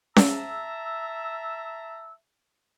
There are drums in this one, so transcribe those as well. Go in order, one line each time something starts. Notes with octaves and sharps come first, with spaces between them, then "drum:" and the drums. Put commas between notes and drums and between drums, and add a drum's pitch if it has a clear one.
E5 A5 A#5 E6, drum: snare C#4